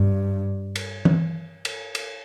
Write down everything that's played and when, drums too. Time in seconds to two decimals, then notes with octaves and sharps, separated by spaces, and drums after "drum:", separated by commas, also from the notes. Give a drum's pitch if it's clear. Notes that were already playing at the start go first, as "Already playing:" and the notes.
Already playing: G2
0.76 drum: cymbal
1.05 drum: tom E3
1.65 drum: cymbal
1.95 drum: cymbal